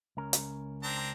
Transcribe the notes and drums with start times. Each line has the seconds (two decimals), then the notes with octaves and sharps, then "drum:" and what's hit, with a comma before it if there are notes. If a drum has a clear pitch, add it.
0.17 C#2 C#4 A#4
0.33 drum: hi-hat
0.83 C4 D4 A#5